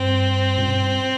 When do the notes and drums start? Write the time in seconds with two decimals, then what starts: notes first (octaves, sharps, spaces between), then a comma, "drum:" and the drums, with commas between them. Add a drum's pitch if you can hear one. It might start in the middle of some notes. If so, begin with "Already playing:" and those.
Already playing: G2 C4
0.58 drum: tom B2